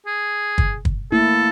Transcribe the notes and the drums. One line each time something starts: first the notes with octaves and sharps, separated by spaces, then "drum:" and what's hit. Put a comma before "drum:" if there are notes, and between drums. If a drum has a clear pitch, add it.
G#4
drum: kick
drum: kick
A3 A#3 E4 A4